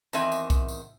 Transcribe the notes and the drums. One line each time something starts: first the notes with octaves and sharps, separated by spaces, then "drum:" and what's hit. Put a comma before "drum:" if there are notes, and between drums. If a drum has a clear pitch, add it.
E2 D#3 C4 E5 G#5, drum: tambourine
drum: tambourine
drum: kick B1, tambourine
drum: tambourine